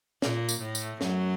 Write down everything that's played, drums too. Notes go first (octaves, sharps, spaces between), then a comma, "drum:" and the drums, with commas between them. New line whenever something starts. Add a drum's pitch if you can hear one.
A#2 A#3, drum: snare
drum: tambourine
A2 A3
drum: tambourine
F#2 F#3, drum: snare